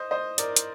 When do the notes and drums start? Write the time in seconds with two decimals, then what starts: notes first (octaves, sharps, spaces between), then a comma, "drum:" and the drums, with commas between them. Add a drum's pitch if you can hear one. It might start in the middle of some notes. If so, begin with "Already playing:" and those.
Already playing: C5 D#5
0.11 C5 D#5
0.38 A#4 D5, drum: hi-hat
0.56 drum: hi-hat